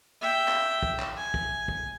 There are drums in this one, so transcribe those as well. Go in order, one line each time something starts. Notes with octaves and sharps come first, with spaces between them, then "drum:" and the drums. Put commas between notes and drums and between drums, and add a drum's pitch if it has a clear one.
E5 G5
drum: clap
drum: kick
drum: clap
G#5
drum: kick
drum: kick